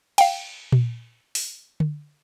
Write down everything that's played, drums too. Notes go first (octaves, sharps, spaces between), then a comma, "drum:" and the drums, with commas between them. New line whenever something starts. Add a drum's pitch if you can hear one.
F5 G5, drum: cymbal
drum: tom A#2
drum: open hi-hat
drum: tom D3